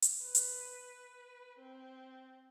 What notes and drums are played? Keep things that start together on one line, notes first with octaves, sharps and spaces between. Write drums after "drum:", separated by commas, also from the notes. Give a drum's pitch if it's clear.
drum: hi-hat
B4
drum: hi-hat
C4